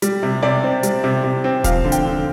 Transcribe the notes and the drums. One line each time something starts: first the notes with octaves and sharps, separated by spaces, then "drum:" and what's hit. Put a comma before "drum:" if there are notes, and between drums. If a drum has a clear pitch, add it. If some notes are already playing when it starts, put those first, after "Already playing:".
G3, drum: hi-hat
C3
C3 D5
C4
G3, drum: hi-hat
C3
C3
C4
F3 F5, drum: kick D#1, hi-hat
D3
G5, drum: hi-hat
D3